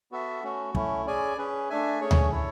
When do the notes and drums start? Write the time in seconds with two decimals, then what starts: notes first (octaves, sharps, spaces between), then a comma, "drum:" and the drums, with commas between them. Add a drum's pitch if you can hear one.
0.12 B3 F#4 A4 E5
0.43 A3 C#4 F#4
0.75 A3 C#4 E4, drum: kick
1.06 C#4 G#4 D5 G#5
1.38 C#4 G#4 B4
1.69 A3 D4 A4 E5 G#5
2.01 A3 C#4 G#4 C#5
2.11 drum: tom D2
2.32 E4 A4 C#5